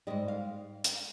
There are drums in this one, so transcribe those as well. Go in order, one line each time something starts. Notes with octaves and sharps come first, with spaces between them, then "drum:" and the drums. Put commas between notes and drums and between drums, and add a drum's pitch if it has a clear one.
G#2 D#3 G3 D#5
F5
drum: hi-hat